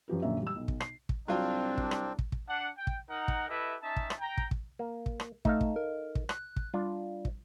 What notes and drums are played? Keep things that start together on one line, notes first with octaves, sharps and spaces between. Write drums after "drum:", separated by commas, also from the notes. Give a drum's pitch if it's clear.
F#2 F3 G4 B4
A#1 F#2 A#2 D3 E5
G3 E6
B1
drum: kick
C7, drum: rim click
drum: kick
C2 F#3 C4 D4 F4
drum: kick
drum: rim click
drum: kick
drum: kick
D4 F#5
G5
drum: kick
D#4 A#4 F#5
drum: kick
E4 G4 A4 B4 D#5 E5
C#4 D#4 E5 A5
drum: kick
drum: rim click
G5 A#5
drum: kick
drum: kick
A#3
drum: kick
drum: rim click
A3 D#4 A4 F5, drum: kick
drum: kick
A#4
drum: kick
F#6, drum: rim click
drum: kick
G3 D4 F4
drum: kick